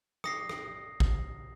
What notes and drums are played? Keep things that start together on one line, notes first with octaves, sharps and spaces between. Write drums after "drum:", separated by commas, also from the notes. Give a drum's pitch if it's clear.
D#6 A#6 C7, drum: rim click
drum: rim click
drum: kick G#1